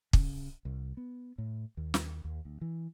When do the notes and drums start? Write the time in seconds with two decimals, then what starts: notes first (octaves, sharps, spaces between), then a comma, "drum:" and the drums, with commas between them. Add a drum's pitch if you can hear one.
0.13 C#3, drum: kick
0.65 C2
0.97 B3
1.38 A2
1.77 D#2
1.94 drum: snare
2.24 D#2
2.45 D2
2.61 E3